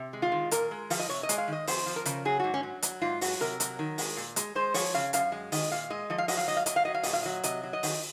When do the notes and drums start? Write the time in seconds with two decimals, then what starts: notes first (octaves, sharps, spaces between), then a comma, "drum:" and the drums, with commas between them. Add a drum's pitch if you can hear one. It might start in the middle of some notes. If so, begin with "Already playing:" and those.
Already playing: C3
0.13 G#3
0.22 F4
0.32 D#3
0.51 A#2 A#4, drum: hi-hat
0.71 G#3
0.90 F3 F5, drum: open hi-hat
0.99 D#5
1.09 C3 C#5
1.23 D#5
1.29 G#3, drum: hi-hat
1.38 F5
1.48 D#3 D#5
1.67 F2 C5, drum: open hi-hat
1.86 F3
1.96 A#4
2.05 C#3, drum: hi-hat
2.25 F#3 G#4
2.40 G#2 F#4
2.54 C#4
2.63 F#3
2.82 F#3, drum: hi-hat
3.02 G#2 F4
3.21 F#3 F#4, drum: open hi-hat
3.40 C3 A#4
3.60 F#3, drum: hi-hat
3.79 D#3
3.98 G#3, drum: open hi-hat
4.17 A#2
4.36 G#3, drum: hi-hat
4.55 G#3 C5
4.74 F3 C#5, drum: open hi-hat
4.94 C#3 F5
5.13 F#2 F5, drum: hi-hat
5.32 G#3
5.52 D#3 D#5, drum: open hi-hat
5.71 A#2 F5
5.90 G#3 D#5
6.10 F3 D#5
6.18 F5
6.28 F#3 D#5, drum: open hi-hat
6.37 F5
6.47 G#2 D#5
6.56 F5
6.66 F#3 D#5, drum: hi-hat
6.76 F5
6.85 F#3 D#5
6.94 F5
7.03 A#2 D#5, drum: open hi-hat
7.13 F5
7.23 F#3 D#5
7.43 C3 D#5, drum: hi-hat
7.63 F#3
7.73 D#5
7.83 D#3, drum: open hi-hat